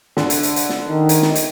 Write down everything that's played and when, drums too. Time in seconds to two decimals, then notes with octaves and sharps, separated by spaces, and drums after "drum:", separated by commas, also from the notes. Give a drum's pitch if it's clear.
0.17 D3, drum: snare
0.30 drum: hi-hat
0.43 drum: hi-hat
0.56 drum: hi-hat
0.69 drum: snare
0.88 D#3
1.09 drum: hi-hat
1.22 drum: snare
1.35 drum: hi-hat